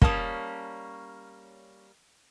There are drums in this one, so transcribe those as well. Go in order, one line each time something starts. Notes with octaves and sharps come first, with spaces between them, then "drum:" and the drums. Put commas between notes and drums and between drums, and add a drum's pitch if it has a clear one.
G3 A#3 C#4 A5 D#6, drum: kick